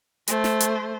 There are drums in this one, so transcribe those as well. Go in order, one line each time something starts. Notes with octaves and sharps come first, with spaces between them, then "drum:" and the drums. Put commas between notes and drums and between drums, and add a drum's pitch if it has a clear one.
A3 C5, drum: hi-hat
drum: snare
drum: hi-hat